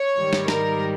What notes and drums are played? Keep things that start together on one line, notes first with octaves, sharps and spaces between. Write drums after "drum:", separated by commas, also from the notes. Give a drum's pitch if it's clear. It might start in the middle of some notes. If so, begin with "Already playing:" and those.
Already playing: C#5
G#2 D#3 G3
drum: snare
A#4, drum: snare